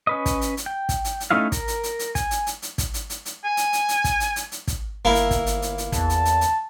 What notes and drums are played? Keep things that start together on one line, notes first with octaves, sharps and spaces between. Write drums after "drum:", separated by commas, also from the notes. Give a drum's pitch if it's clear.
C#4 B4 D#5
drum: kick, hi-hat
drum: hi-hat
drum: hi-hat
G5
drum: kick, hi-hat
drum: hi-hat
drum: hi-hat
A3 C#4 D#4 E4 F5
A#4, drum: kick, hi-hat
drum: hi-hat
drum: hi-hat
drum: hi-hat
G#5, drum: kick, hi-hat
drum: hi-hat
drum: hi-hat
drum: hi-hat
drum: kick, hi-hat
drum: hi-hat
drum: hi-hat
drum: hi-hat
G#5
drum: hi-hat
drum: hi-hat
drum: hi-hat
drum: kick, hi-hat
drum: hi-hat
drum: hi-hat
drum: hi-hat
drum: kick, hi-hat
G1 A#3 E4
drum: hi-hat
drum: kick, hi-hat
drum: hi-hat
drum: hi-hat
drum: hi-hat
E2 A5, drum: kick, hi-hat
drum: hi-hat
drum: hi-hat
drum: hi-hat